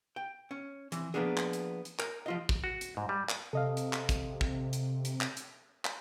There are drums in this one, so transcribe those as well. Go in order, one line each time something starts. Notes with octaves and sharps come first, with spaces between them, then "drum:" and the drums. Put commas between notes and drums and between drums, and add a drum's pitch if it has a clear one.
G5
C#4
E3 C4, drum: hi-hat
F3 G3 A#3 B3 D4 G#4
drum: clap
drum: hi-hat
drum: hi-hat
A#4, drum: clap
F3 F4 D#5
drum: kick
F#4
drum: hi-hat
G#2
G3
drum: clap
C3 A4 D#5 F5
drum: hi-hat
drum: clap
drum: kick, hi-hat
drum: kick
drum: hi-hat
drum: hi-hat
drum: clap
drum: hi-hat
drum: clap